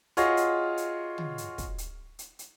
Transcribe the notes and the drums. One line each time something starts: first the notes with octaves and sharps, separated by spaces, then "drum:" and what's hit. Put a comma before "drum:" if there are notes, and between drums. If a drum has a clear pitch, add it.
F4 F#4 G#4 C#5 D#5, drum: hi-hat
drum: hi-hat
drum: hi-hat
drum: tom
drum: hi-hat
drum: kick, hi-hat
drum: hi-hat
drum: hi-hat
drum: hi-hat